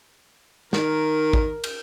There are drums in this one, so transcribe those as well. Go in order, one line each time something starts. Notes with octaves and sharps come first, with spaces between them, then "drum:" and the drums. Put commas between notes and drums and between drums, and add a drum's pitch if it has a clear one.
D#3 A#4, drum: snare
drum: kick
drum: cymbal